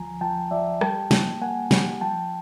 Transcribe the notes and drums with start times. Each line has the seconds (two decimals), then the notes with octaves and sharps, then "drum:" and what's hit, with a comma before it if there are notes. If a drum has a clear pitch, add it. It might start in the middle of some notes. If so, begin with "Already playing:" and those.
Already playing: D2 F3 G#5 A#5
0.21 F3 G5 A5
0.51 F3 D5 E5
0.81 G3 G5 A5, drum: rim click
1.11 A#3, drum: snare
1.42 A#3 F#5 G#5
1.71 G3, drum: snare
2.01 F3 G5 A5